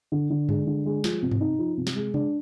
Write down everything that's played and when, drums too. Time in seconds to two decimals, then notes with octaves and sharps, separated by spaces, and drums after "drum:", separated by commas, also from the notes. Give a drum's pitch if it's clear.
0.12 D3
0.30 D3
0.49 G#3, drum: tom G2
0.67 D3
0.86 G#3
1.04 F3, drum: snare
1.22 C3
1.31 drum: tom G2
1.41 D#4
1.59 F3
1.77 C3
1.87 drum: snare
1.96 G#3
2.14 D4, drum: tom C3